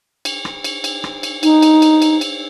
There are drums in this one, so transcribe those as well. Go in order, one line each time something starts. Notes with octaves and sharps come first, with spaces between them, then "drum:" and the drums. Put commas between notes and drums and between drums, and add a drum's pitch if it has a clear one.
drum: cymbal
drum: rim click
drum: cymbal
drum: cymbal
drum: rim click
drum: cymbal
D#4, drum: cymbal
drum: cymbal
drum: cymbal
drum: cymbal
drum: cymbal